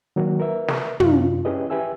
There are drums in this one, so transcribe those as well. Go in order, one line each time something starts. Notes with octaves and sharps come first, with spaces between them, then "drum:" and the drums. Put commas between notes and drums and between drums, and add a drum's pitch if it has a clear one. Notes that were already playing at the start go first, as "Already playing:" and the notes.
D#3 F#3 A#3 F#4
A#4 B4 E5
drum: snare
F#2 C3 F4, drum: tom
C#4 E4 G4 G#4 B4 D#5
G4 B4 E5 G#5 E6